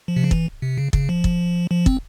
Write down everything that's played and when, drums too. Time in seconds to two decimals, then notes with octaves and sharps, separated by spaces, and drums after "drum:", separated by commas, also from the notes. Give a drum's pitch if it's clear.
0.08 F3
0.16 C3
0.24 C#3
0.31 E3, drum: kick
0.62 C3
0.78 C#3
0.93 C#3, drum: kick
1.09 F3
1.24 drum: kick
1.71 F3
1.86 C4, drum: kick